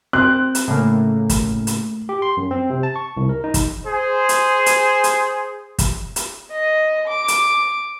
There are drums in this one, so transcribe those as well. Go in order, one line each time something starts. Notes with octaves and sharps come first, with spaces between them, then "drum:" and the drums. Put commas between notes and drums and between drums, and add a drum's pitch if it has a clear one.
C4 F#6
drum: hi-hat
A2 C#3 A3 A#3
drum: kick, hi-hat
drum: hi-hat
G4
C6
F#2
C4
C3
A5
C#6
C2
A#4
D#4
drum: kick, hi-hat
G#4 C5
drum: hi-hat
drum: hi-hat
drum: hi-hat
drum: kick, hi-hat
drum: hi-hat
D#5
D6
drum: hi-hat